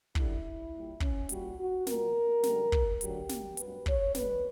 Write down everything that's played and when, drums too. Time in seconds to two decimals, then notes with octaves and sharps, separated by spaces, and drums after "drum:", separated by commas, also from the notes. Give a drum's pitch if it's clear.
0.15 F#2 D3 G3 E4, drum: kick
0.72 A#2 G3
1.00 C#4, drum: kick
1.29 A#2 G3 F#4, drum: hi-hat
1.58 F#4
1.87 A#2 G3 A#4, drum: snare
2.43 F#2 D3 G3, drum: snare
2.72 drum: kick
3.01 D2 D3 F#3 G4, drum: hi-hat
3.29 drum: snare
3.57 G2 F#3 B4, drum: hi-hat
3.86 C#5, drum: kick
4.15 G2 D3 G3 B4, drum: snare